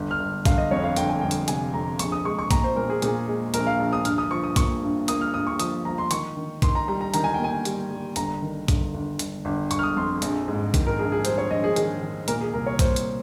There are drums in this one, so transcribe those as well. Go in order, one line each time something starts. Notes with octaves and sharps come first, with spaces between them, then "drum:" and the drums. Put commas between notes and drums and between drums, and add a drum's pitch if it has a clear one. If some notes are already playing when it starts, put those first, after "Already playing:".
Already playing: G1
F6
G1
G1 F5, drum: kick, hi-hat
D#5
F2 C#5
F5
G1 G5, drum: hi-hat
G#5
G1 G5
drum: hi-hat
C3 G#5, drum: hi-hat
F2 A#5
A#1 C#6, drum: hi-hat
D#6
G#3 C#6
C#6
A#2 A#5, drum: kick, hi-hat
C5
A#2 A#4
G#4
A#2 G#4, drum: hi-hat
G#3
A#1 A#4, drum: hi-hat
F5
A#1
D#6
G2 F6, drum: hi-hat
D#6
F3 C#6
D#6
A#3 C#6, drum: kick, hi-hat
G2
A#3 D#6, drum: hi-hat
F6
G2 D#6
C#6
F3 D#6, drum: hi-hat
F3 A#5
C6
D#3 C#6, drum: hi-hat
D#3
D#3 C6, drum: kick, hi-hat
A#5
G3 A#5
A#5
D#3 A#5, drum: hi-hat
G#5
G5
A#3 G#5
G3, drum: hi-hat
G3
G1 A#5, drum: hi-hat
D#3
G1, drum: kick, hi-hat
G1
G1, drum: hi-hat
G1
G1 C#6, drum: hi-hat
F6
D#6
F2 C6
A#1, drum: hi-hat
G#2
D#3, drum: kick, hi-hat
A#4
A#1 G#4
G#4
G3 C5, drum: hi-hat
C#5
A#1 D#5
G#4
D#3 G#4, drum: hi-hat
D#3
A#2 A#4, drum: hi-hat
G#4
C2 A#4
C#5
C2 C5, drum: kick, hi-hat
drum: hi-hat